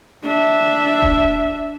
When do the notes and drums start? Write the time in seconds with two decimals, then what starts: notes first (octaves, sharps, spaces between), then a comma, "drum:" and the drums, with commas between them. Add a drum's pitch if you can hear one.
0.23 D4 E5
1.02 drum: kick E1